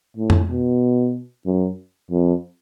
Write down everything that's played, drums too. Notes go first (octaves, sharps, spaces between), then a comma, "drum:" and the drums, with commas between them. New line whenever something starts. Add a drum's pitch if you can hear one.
A2
drum: tom F2
B2
F#2
F2